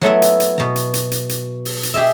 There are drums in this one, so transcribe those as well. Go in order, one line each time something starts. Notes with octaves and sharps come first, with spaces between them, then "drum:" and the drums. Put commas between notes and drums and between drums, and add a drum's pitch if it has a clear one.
F#3 A3 B3 E4, drum: snare
drum: hi-hat
drum: hi-hat
B2 A#5, drum: snare
drum: hi-hat
drum: hi-hat
drum: hi-hat
drum: hi-hat
drum: open hi-hat
drum: hi-hat
G4 G#4 D#5 E5